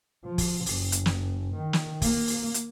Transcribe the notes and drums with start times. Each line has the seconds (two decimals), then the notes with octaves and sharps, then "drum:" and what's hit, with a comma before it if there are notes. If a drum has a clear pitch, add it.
0.25 F3
0.38 drum: kick, open hi-hat
0.66 F#1, drum: open hi-hat
0.92 drum: hi-hat
1.06 drum: snare
1.55 D#3
1.73 drum: snare
2.02 A#3, drum: kick, open hi-hat
2.27 drum: open hi-hat
2.54 drum: hi-hat